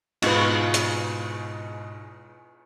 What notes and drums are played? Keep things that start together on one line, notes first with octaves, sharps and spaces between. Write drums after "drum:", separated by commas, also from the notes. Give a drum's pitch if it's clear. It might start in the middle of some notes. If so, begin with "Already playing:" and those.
G#2 B2 D#4 F4 B4, drum: cymbal
drum: hi-hat